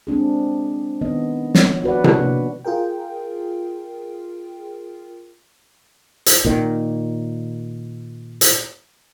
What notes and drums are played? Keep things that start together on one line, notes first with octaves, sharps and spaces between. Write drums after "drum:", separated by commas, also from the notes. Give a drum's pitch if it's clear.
G#3 C4 D4 G#4
D#3 B3 D#5
F3 C#5, drum: snare
F#4 B4 D5 F#5
drum: tom C3
A#3 D4
F4 G#4 A#4 G5
drum: hi-hat
A#2 D#3
drum: hi-hat